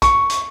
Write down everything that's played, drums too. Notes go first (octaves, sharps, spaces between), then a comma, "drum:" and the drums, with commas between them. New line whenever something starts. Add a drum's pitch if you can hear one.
C#6, drum: kick, hi-hat
drum: hi-hat